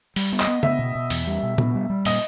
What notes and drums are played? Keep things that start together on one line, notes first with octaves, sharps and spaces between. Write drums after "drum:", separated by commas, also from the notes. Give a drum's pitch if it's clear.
G3, drum: open hi-hat
B3
D#5, drum: clap
B3
B3 E5, drum: tom C#3
B2
B2
E2, drum: open hi-hat
G3
B2
B3, drum: tom
G3
G3
A#2 D#5, drum: open hi-hat